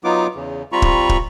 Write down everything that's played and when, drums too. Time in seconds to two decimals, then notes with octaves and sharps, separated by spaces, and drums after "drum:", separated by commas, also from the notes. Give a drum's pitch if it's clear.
0.04 F#3 B3 D#4 F4 D6
0.35 E2 C#3
0.72 G3 C4 F4 A#5 B5 C#6
0.82 drum: kick
1.09 drum: kick